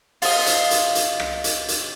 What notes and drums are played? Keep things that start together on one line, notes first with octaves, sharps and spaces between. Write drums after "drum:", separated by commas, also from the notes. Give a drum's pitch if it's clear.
F4 D#5, drum: open hi-hat
drum: hi-hat
drum: hi-hat
drum: hi-hat
drum: rim click
drum: hi-hat
drum: hi-hat